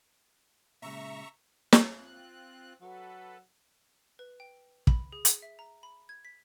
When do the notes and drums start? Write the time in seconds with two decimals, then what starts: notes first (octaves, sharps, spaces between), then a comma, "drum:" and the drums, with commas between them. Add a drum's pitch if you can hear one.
0.82 A#2 C#3 G#3 E5 A#5 C#6
1.73 drum: snare
1.97 C4 F4 F#6
2.81 F#3 A4 B4
4.19 B4
4.40 G5
4.87 B5, drum: kick
5.12 G#4
5.25 drum: hi-hat
5.42 E5
5.59 A#5
5.83 B5
6.09 G#6
6.25 B6